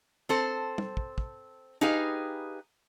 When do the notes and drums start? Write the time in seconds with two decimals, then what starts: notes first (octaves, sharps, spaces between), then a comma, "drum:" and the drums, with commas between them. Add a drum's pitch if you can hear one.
0.29 C4 A4 C5
0.78 drum: tom
0.97 drum: kick
1.18 drum: kick
1.81 D#4 G4 G#4 B4 F5